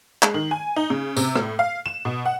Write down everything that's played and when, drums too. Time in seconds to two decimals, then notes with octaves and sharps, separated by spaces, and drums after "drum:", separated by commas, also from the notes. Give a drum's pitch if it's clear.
0.23 G#3, drum: clap
0.34 D#3
0.51 G#5
0.76 D#4
0.90 C#3
1.17 C3, drum: tambourine
1.35 A2, drum: rim click
1.59 F5
1.86 E7
2.05 B2
2.25 F#5